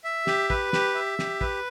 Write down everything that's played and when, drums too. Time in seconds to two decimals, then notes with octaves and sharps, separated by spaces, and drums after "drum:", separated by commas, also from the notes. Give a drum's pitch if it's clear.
0.04 E5
0.27 G4, drum: snare
0.50 B4, drum: kick
0.73 G4, drum: snare
0.95 E5
1.19 G4, drum: snare
1.41 B4, drum: kick